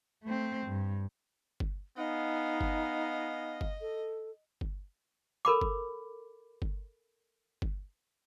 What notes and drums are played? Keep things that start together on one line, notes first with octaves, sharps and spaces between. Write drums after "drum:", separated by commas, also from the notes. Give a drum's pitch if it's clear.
A3 C4
G2
drum: kick G1
B3 D#4 D#5 F5 G#5
drum: kick G1
drum: kick G1
A4
drum: kick G1
A4 A#4 B5 D6
drum: kick G1
drum: kick G1
drum: kick G1